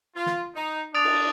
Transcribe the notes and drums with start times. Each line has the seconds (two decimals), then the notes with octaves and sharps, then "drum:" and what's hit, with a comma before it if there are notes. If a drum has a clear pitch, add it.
0.16 F4
0.26 drum: snare
0.55 D#4
0.94 D4 D#6 A6 D7 F7
1.04 drum: cymbal